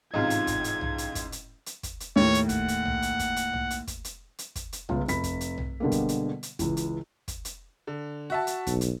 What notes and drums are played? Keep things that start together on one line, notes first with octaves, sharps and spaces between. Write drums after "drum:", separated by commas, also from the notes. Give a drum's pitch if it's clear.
A1 G#2 C3 D#4 F4 F5 G#6
drum: hi-hat
drum: kick, hi-hat
drum: hi-hat
drum: tom
drum: hi-hat
drum: kick, hi-hat
drum: hi-hat
drum: hi-hat
drum: kick, hi-hat
drum: hi-hat
D#2 A2 C#5
drum: hi-hat
F#5, drum: kick, hi-hat
drum: hi-hat
drum: tom
drum: hi-hat
drum: kick, hi-hat
drum: hi-hat
drum: tom
drum: hi-hat
drum: kick, hi-hat
drum: hi-hat
drum: hi-hat
drum: kick, hi-hat
drum: hi-hat
G1 C#2 F4, drum: tom
F1 B5 B6, drum: hi-hat
drum: kick, hi-hat
drum: hi-hat
drum: tom
B2 D3 G3 G#3 A#3
drum: kick, hi-hat
drum: hi-hat
drum: hi-hat
C#2 E3, drum: kick, hi-hat
drum: hi-hat
drum: kick, hi-hat
drum: hi-hat
D3
F#4 E5 A5
drum: hi-hat
B1, drum: kick, hi-hat
drum: hi-hat